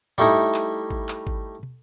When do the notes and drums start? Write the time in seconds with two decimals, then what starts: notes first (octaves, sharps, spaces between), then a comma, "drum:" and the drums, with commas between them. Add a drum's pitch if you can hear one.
0.18 G3 A3 D#4 E4, drum: tom G#2
0.54 drum: clap
0.91 drum: kick G#1
1.09 drum: clap
1.27 drum: kick G#1
1.63 drum: tom